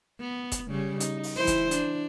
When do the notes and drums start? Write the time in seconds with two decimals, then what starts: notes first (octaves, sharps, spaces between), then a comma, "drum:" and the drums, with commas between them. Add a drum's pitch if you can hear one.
0.20 B3
0.52 drum: kick, hi-hat
0.69 C#3 G3 C#4
1.00 D#4, drum: hi-hat
1.23 drum: open hi-hat
1.36 E3 E4 C5
1.47 drum: kick, hi-hat
1.71 D4, drum: hi-hat